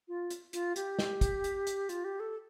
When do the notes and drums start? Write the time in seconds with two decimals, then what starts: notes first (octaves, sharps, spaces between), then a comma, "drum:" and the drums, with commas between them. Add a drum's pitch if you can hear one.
0.08 F4
0.30 drum: hi-hat
0.53 F4, drum: hi-hat
0.76 G4, drum: hi-hat
0.99 drum: snare
1.21 drum: kick, hi-hat
1.44 drum: hi-hat
1.67 drum: hi-hat
1.89 F4, drum: hi-hat
2.04 G4
2.20 A4